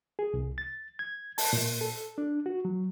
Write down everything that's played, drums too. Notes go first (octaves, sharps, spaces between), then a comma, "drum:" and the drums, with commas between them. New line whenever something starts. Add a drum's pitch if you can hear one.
G#4
C2
A6
G#6
A5, drum: open hi-hat
A#2
A4
D4
F#4
F#3